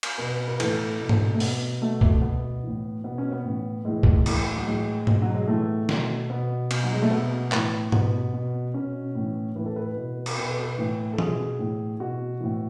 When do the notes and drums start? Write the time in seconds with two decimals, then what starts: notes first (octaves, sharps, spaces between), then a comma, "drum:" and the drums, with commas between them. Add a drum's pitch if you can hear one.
0.03 drum: cymbal
0.18 B2 B4
0.48 B4
0.60 A2 E3 A4, drum: cymbal
1.00 B2
1.09 drum: tom G#2
1.35 A3
1.40 B2 B3, drum: open hi-hat
1.82 B2 A3
2.01 A3, drum: kick B1
2.22 B2 B3
2.63 A2 E3
3.04 B2 B3
3.18 C#4
3.32 B3
3.44 A2 E3
3.85 A2 E3 G#3
4.03 drum: kick B1
4.26 A2 E3, drum: cymbal
4.57 F#3
4.67 A2 E3 G#3
5.07 B2, drum: tom G#2
5.22 F#3
5.34 G#3
5.48 A2 E3 A3
5.89 B2, drum: snare
6.30 B2 B3
6.71 B2, drum: cymbal
6.84 F#3
6.93 G#3
7.02 A3
7.11 B2 B3
7.52 A2 E3, drum: clap
7.92 B2 B3, drum: tom G#2
8.34 B2
8.74 B2 C#4
9.15 A2 E3
9.55 A2 E3 B4
9.66 A4
9.76 B4
9.97 B2
10.26 drum: cymbal
10.37 B2 B4
10.50 A4
10.63 B4
10.78 A2 E3
11.13 A4
11.18 B2 G#4, drum: tom E3
11.59 A2 E3
12.00 B2 F#4
12.40 A2 E3